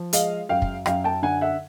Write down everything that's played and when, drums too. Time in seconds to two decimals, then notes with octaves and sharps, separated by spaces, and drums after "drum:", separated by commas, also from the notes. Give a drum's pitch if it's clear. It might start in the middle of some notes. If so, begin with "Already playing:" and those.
Already playing: F3
0.13 G#3 D#5 F5, drum: hi-hat
0.49 F#2 F5 G5
0.62 drum: kick
0.86 F#2 F5 G5, drum: rim click
1.04 G5 A5
1.23 D3 F#5 G#5
1.41 E5 F#5